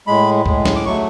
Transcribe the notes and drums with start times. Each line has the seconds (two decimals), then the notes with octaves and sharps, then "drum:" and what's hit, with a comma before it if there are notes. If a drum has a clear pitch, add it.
0.07 A2 G#3 B5
0.46 A2 G#3, drum: kick C#2
0.65 drum: snare
0.75 D6
0.86 F#3 A3 C#6